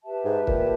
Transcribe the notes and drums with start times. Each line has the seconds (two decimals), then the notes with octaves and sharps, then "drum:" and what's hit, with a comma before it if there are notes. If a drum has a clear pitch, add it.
0.04 G4 B4 E5 A5
0.25 G#2
0.47 A#2, drum: kick